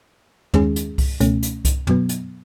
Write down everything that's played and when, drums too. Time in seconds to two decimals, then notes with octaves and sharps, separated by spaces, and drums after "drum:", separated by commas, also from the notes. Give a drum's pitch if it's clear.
0.54 D#2 D#3 G#3 C#4 G#4, drum: tom
0.76 drum: hi-hat
0.98 drum: kick C2, open hi-hat
1.20 C#2 B2 A3 C#4, drum: hi-hat
1.43 drum: hi-hat
1.65 drum: kick C2, hi-hat
1.87 B2 F#3 B3, drum: tom
2.09 drum: hi-hat